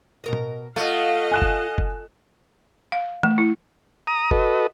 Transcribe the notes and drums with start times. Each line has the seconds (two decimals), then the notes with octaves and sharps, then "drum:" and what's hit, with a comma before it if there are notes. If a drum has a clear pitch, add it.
0.24 B2 A#4 D#5
0.33 drum: tom A2
0.76 A3 F4 D#5 F5 F#5
1.31 G#5 F#6 E7
1.42 drum: kick F#1
1.78 drum: kick F#1
2.92 F5
3.23 A3, drum: tom
3.38 E4
4.07 A#5 D#6
4.31 F#4 A4 B4 D#5, drum: kick F#1